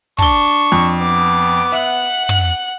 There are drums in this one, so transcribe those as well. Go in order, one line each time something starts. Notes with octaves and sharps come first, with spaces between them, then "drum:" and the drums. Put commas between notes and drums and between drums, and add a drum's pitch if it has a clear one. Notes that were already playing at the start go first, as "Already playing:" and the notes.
D4 A5 C#6 G7, drum: kick
F2
B3 D6
E5 F#5 F#6
drum: tom